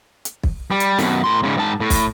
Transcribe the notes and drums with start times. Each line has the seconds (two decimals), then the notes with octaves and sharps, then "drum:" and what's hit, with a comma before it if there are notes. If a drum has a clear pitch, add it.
0.25 drum: hi-hat
0.43 drum: kick
0.71 G3
0.80 drum: hi-hat
0.98 F#2 B2, drum: snare
1.24 A2 C6
1.43 G#2 C#3
1.57 G#2 A5
1.80 A2
1.90 drum: kick, open hi-hat